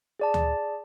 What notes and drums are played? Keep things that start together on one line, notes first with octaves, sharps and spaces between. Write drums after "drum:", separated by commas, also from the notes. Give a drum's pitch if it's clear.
G#4 D5 A5
drum: tom D2